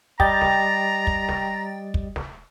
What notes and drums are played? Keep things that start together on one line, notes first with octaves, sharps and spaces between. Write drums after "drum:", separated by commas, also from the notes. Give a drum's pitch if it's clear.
G3 G4 D#5 G5 A#5 A6, drum: kick
drum: snare
drum: kick
drum: snare
drum: kick
drum: snare